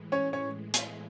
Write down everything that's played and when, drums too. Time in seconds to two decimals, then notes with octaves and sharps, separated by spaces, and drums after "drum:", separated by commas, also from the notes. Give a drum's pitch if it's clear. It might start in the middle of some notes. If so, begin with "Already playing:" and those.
Already playing: A2 E3 G#3
0.12 C#4 C#5
0.33 C#4 C#5
0.74 drum: hi-hat